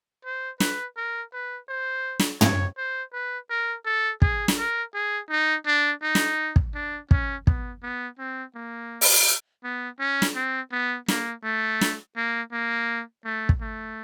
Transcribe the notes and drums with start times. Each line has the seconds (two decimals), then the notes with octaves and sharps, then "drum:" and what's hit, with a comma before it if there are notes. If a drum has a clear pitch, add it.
0.25 C5
0.60 B4, drum: snare
0.97 A#4
1.33 B4
1.69 C5
2.19 drum: snare
2.41 C#5, drum: tom
2.78 C5
3.13 B4
3.50 A#4
3.86 A4
4.22 G#4, drum: kick
4.48 drum: snare
4.58 A#4
4.94 G#4
5.30 D#4
5.66 D4
6.03 D#4
6.15 drum: snare
6.56 drum: kick
6.75 D4
7.11 C#4, drum: kick
7.47 B3, drum: kick
7.83 B3
8.19 C4
8.55 A#3
9.01 drum: open hi-hat
9.64 B3
10.00 C#4
10.22 drum: snare
10.35 C4
10.72 B3
11.08 A#3, drum: snare
11.44 A3
11.81 drum: snare
12.16 A#3
12.52 A#3
13.25 A3
13.49 drum: kick
13.61 A3